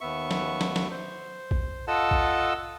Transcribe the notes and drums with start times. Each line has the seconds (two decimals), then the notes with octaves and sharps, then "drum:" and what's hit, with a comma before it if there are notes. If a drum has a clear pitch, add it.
0.01 D#2 B3 E5 C#6
0.31 drum: snare
0.61 drum: snare
0.76 drum: snare
0.91 C5
1.51 drum: kick
1.88 F4 A4 D#5 F#5 A5 E6
2.11 drum: kick